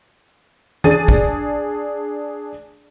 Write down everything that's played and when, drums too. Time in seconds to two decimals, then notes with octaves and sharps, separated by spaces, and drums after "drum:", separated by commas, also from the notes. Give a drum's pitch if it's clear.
0.84 D4 G#4 A6 D#7, drum: tom E3
1.08 drum: kick